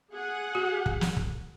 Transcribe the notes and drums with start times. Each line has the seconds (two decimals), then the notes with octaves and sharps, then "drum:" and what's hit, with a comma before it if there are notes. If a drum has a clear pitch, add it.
0.13 G#4 F#5
0.55 F#4
0.86 drum: kick
1.01 drum: snare
1.17 drum: kick